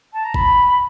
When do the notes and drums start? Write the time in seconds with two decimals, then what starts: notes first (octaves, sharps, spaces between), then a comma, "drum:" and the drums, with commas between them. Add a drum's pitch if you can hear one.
0.12 A5
0.24 A#5
0.34 B5, drum: kick